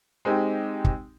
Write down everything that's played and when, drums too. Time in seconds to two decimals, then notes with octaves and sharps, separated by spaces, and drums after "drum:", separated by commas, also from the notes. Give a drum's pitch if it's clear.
0.25 G#3 C4 D#4 G4
0.85 drum: kick